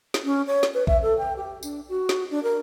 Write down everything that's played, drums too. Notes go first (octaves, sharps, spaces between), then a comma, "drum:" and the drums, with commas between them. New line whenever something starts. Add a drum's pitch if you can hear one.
drum: snare
C#4
C#5
drum: snare
B4
E5, drum: kick A#1
A4
G5
G4
D4, drum: tambourine
F#4
drum: snare
D4
A#4